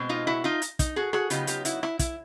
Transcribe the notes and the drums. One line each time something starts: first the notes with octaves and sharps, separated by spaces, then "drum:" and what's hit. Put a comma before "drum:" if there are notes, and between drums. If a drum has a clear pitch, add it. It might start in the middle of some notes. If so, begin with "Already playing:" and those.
Already playing: B2 G#3 C4
D#4 F4
E4 F#4
D#4 F4
drum: hi-hat
D#4, drum: kick, hi-hat
F#4 G#4
F#4 G#4, drum: rim click
C#3 F#3 B3 D#4 F4 G4, drum: hi-hat
F4 G4, drum: hi-hat
E4 F#4, drum: hi-hat
E4, drum: rim click
E4, drum: kick, hi-hat